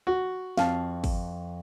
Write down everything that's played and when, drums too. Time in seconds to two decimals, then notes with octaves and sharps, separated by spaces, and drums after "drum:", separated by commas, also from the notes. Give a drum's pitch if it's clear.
0.07 F#4
0.58 F2 F5 A5, drum: snare
1.04 drum: kick, open hi-hat